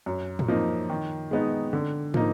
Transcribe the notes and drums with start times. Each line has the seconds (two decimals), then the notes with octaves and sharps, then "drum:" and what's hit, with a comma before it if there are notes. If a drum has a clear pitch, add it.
0.06 F#2
0.39 drum: tom A2
0.48 F3 A#3 D#4
0.90 D#3
1.31 G#3 B3 D#4
1.73 D3
2.14 F3 A#3 D#4, drum: tom